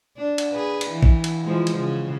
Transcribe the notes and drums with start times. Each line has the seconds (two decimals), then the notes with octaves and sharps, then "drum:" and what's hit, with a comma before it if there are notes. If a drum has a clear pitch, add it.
0.17 D4
0.38 drum: cymbal
0.52 G#4 B4
0.81 drum: cymbal
0.90 E3
1.03 drum: kick
1.24 drum: cymbal
1.44 E3 F3 G#3
1.67 drum: cymbal
1.78 C#3